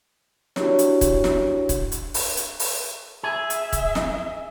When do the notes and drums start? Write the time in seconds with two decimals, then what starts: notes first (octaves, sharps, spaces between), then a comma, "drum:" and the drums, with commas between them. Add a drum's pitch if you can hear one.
0.56 D4 E4 F#4 G4 A#4 C#5, drum: snare
0.79 drum: hi-hat
1.01 drum: kick, hi-hat
1.24 drum: snare
1.69 drum: kick, hi-hat
1.92 drum: hi-hat
2.14 drum: open hi-hat
2.37 drum: hi-hat
2.59 drum: open hi-hat
3.23 G#4 E5
3.50 drum: hi-hat
3.73 drum: kick, hi-hat
3.95 drum: snare